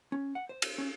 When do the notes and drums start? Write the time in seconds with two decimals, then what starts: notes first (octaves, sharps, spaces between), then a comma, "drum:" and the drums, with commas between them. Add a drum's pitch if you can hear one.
0.12 C#4
0.35 F#5
0.49 C5
0.62 drum: cymbal
0.78 C#4